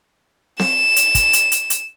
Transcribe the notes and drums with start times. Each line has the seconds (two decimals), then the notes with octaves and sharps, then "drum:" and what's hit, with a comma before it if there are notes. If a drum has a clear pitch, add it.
0.59 E7, drum: snare C4
0.96 drum: hi-hat
1.15 drum: kick, hi-hat
1.33 drum: hi-hat
1.52 drum: hi-hat
1.70 drum: hi-hat